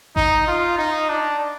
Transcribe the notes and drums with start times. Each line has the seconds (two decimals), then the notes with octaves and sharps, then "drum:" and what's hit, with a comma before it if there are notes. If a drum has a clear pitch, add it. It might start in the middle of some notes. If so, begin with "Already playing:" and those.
0.16 D#4, drum: kick G#1
0.47 F4
0.78 D#4
1.09 D4